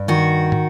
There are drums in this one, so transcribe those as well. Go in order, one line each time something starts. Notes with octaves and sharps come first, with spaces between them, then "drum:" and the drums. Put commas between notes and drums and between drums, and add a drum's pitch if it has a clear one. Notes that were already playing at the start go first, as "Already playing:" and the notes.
Already playing: G2
D#3 F#4
drum: tom